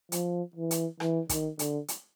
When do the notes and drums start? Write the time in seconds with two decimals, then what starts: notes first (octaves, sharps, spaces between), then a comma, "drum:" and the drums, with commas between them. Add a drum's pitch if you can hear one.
0.12 F3, drum: hi-hat
0.56 E3
0.71 drum: hi-hat
1.00 E3, drum: rim click
1.29 D#3, drum: kick, hi-hat
1.59 D3, drum: hi-hat
1.88 drum: hi-hat